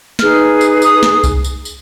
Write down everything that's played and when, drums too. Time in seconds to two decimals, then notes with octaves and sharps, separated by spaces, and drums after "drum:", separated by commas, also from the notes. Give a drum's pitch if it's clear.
0.19 D#4 G#4 B4 F6, drum: snare
0.61 drum: tambourine
0.82 D#6, drum: tambourine
1.03 drum: snare
1.24 drum: kick C2, tambourine
1.44 drum: tambourine
1.65 drum: tambourine